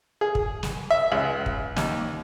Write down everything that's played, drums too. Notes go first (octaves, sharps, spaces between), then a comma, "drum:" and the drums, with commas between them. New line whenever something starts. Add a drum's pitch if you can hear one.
G#4
drum: kick
drum: snare
E5
C#2
drum: kick
D#2, drum: snare